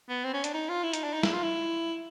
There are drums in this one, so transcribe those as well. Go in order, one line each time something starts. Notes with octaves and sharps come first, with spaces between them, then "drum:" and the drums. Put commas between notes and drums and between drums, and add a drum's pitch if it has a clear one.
B3
C4
C#4
D4, drum: hi-hat
D#4
F4
E4
D#4, drum: hi-hat
D4
D#4
E4, drum: snare
F4
E4